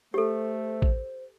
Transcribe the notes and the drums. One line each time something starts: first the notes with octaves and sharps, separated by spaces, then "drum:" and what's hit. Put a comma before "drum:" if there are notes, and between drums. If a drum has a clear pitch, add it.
A3 G4 A4 C5
drum: kick